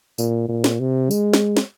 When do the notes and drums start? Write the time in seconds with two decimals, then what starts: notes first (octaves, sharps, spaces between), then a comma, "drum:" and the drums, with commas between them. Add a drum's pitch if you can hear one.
0.18 A#2, drum: tambourine
0.49 A#2
0.64 drum: snare
0.79 C3
1.11 G#3, drum: tambourine
1.33 drum: snare
1.57 drum: snare